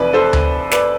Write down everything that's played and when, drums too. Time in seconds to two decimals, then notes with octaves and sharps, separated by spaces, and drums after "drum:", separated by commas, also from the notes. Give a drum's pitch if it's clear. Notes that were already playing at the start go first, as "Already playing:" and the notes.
Already playing: F1 F2 E3 B4 D5
0.13 A4 C5
0.33 drum: tom D2
0.71 B4 D5, drum: snare